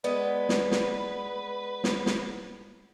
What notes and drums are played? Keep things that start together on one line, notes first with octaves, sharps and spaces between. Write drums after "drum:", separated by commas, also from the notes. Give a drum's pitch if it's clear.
G#3 B3 B4 D5
drum: snare
drum: snare
drum: snare
drum: snare